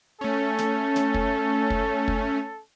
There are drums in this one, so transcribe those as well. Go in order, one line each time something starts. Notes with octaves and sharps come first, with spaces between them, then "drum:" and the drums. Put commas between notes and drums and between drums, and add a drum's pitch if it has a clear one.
A3 C#4 A4
drum: snare
drum: snare
drum: kick
drum: kick
drum: kick